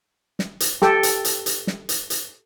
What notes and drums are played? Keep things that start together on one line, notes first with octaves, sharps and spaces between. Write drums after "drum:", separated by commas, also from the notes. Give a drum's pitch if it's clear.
drum: snare
drum: hi-hat
G4 A4 G5, drum: snare
drum: hi-hat
drum: hi-hat
drum: hi-hat
drum: snare
drum: hi-hat
drum: hi-hat